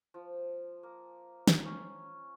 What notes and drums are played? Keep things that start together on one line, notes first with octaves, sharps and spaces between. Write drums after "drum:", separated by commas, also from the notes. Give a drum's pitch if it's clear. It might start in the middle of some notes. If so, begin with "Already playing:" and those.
F3
A#3
drum: snare
C#4